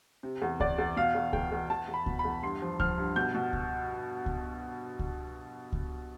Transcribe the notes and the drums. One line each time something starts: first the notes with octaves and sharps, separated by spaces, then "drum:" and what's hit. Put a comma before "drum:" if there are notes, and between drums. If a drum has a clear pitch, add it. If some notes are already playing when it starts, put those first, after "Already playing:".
C3
E2
E2 D5, drum: kick C#2
E2
B2 F5
E2
E2 G5, drum: kick C#2
E2
E2 A5
E2
B5
B2, drum: kick C#2
B5
E2
G2 C6
F3
F3 F6, drum: kick C#2
G2
B2 G6
B2
drum: kick C#2
drum: kick C#2
drum: kick C#2
drum: kick C#2